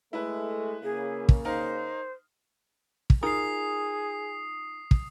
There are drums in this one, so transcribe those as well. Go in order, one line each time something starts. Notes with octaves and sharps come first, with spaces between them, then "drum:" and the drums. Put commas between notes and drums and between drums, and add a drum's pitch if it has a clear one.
G#3 A3 E4 B4
C#3 A#3 G#4
drum: kick
D#4 A#4 C5 F5
drum: kick
D#4 F4 G#4 A#4 D#6 C7
drum: kick